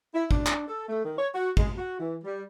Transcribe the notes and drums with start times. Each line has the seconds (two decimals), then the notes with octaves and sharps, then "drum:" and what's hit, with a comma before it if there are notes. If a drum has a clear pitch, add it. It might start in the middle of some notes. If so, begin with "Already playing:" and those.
0.14 E4
0.31 D4, drum: kick
0.46 drum: clap
0.67 A4
0.88 A3
1.04 D#3
1.18 C#5
1.34 F#4
1.57 G#3, drum: kick
1.77 F#4
1.99 E3
2.24 G3